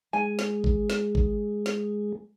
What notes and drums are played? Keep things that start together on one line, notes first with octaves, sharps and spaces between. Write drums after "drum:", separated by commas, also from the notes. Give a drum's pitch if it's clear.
G#3 G#5
drum: snare
drum: kick G#1
drum: snare
drum: kick G#1
drum: snare